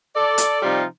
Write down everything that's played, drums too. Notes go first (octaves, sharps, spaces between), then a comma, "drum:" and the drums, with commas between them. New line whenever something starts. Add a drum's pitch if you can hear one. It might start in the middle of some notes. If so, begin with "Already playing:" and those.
A4 D5
drum: hi-hat
C3 F3 G3 D#4 F4